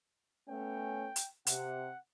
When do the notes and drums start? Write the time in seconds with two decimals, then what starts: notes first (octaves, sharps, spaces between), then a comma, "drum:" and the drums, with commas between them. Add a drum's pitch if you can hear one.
0.49 A3 B3 C#4 G5
1.16 drum: hi-hat
1.47 C3 F#5, drum: hi-hat